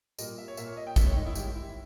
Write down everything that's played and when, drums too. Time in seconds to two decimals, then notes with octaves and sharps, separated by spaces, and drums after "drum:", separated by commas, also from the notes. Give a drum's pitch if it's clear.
0.19 A#2 G3 A#3 D#5, drum: tambourine
0.38 E5
0.48 C#5
0.57 A#2 A#3 E5, drum: tambourine
0.68 C#5
0.77 D#5
0.87 G5
0.96 D#3 G#3 E5, drum: kick A1, tambourine
1.06 C#5
1.16 D#4
1.26 E4
1.35 D#3 G#3 G4, drum: tambourine
1.55 E4